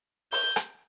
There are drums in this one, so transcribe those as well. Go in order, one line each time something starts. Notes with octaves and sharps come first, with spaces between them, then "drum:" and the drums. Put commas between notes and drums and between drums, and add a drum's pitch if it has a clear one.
G6, drum: open hi-hat
drum: rim click